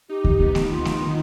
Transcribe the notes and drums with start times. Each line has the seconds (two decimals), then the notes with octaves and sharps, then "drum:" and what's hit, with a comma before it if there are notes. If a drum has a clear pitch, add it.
0.09 D#4 G4
0.24 drum: kick D2
0.40 B3
0.55 drum: snare A3
0.70 B3 F4
0.85 drum: snare A3
1.01 D#3 D#4